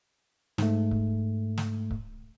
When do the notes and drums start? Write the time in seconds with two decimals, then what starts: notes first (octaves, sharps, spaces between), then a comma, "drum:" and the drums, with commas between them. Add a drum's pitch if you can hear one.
0.58 G#2 A3, drum: snare
0.91 drum: kick C#1
1.58 drum: snare
1.91 drum: kick C#1